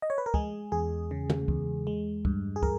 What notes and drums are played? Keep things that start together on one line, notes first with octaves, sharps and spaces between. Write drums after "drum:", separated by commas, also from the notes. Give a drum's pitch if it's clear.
D#5
C#5
B4
A#4
G#3 G#4, drum: kick
E2 G#4
C#3
drum: tom
E2, drum: kick
G#3
G2, drum: kick
G#4
A#4, drum: kick